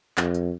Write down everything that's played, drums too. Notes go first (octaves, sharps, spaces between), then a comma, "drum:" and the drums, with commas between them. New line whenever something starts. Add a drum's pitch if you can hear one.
F2, drum: clap
drum: hi-hat